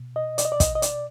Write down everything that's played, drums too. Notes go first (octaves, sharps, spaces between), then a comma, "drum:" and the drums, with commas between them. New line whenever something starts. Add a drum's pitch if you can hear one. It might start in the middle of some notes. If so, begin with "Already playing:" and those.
Already playing: B2
D#5
D5, drum: hi-hat
D#5
D5
D#5, drum: kick, hi-hat
D#5
D5, drum: hi-hat